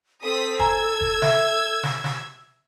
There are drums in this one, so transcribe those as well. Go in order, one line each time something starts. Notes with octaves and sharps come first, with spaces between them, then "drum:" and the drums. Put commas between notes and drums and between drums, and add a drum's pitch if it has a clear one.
C4 A4 D#6 B6
G#5 A#5 E6 G#6, drum: kick F#1
drum: kick F#1
E5, drum: snare
drum: snare
drum: snare